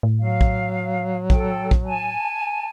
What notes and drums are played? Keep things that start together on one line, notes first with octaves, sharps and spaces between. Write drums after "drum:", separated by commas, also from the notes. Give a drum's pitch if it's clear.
A2
F#3 F5
drum: kick A#1
A4 G5, drum: kick A#1
drum: kick A#1
G#5 A5